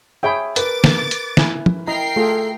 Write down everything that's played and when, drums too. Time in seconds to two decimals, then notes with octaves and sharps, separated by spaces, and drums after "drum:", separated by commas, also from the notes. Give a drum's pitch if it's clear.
0.23 G#4 C#5 E5 G5 B5
0.56 A#4 B4 D6 A6, drum: hi-hat
0.84 drum: snare
1.11 drum: hi-hat
1.37 E4 G#5, drum: snare
1.66 drum: tom
1.88 E4 A#4 D#5 G5 A#5 C7
2.16 A3 F4 G#4 A4